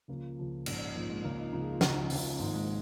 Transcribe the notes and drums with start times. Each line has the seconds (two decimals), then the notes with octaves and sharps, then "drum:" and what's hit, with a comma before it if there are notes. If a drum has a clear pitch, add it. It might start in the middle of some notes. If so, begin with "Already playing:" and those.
0.08 C#2 C#3 F3 A#3
0.38 C#2 C#3 F3
0.66 A#1 G#2 F3 C#4, drum: cymbal
0.95 A#1 G#2 F3 A#3
1.10 G#3
1.24 C#2 C#3 F3 A#3
1.39 D#4
1.52 C#2 C#3 F3 D#4
1.62 G#4
1.72 F4
1.81 C#2 C#3 F3 D#4, drum: snare
2.10 C#2 C#3 F3, drum: open hi-hat
2.39 G#1 G#2 F3 A#3
2.54 G#3